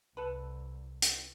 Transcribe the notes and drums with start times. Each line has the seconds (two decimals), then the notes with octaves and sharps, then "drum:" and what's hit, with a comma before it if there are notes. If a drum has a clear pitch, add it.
0.17 C2 A4 B4
1.02 drum: hi-hat